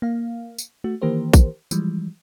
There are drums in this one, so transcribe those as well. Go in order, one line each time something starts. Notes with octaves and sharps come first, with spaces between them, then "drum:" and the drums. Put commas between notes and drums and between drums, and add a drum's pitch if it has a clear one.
A#3 F5
drum: tambourine
A3 F#4
D#3 E3 A#3 G4 A#4 C5
drum: kick A#1, tambourine
E3 F3 G3 G#3, drum: tambourine